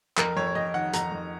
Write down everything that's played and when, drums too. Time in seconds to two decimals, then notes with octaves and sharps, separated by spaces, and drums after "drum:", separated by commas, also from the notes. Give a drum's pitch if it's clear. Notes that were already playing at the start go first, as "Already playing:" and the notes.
0.17 F2 A#4, drum: clap
0.37 F2 C#5
0.47 C#5
0.55 F2 D#5
0.74 D#3 F#5
0.93 F2 A#5, drum: hi-hat
1.12 F2